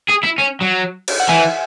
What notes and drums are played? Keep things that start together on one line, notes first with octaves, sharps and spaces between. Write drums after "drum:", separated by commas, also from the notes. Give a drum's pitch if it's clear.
G#4
E4
C#4
F#3
drum: cymbal
F#5
E3 E5 G#5